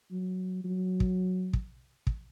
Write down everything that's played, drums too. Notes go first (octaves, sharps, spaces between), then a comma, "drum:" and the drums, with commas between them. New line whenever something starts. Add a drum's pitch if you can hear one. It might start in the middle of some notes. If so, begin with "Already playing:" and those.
F#3
F#3
drum: kick
drum: kick
drum: kick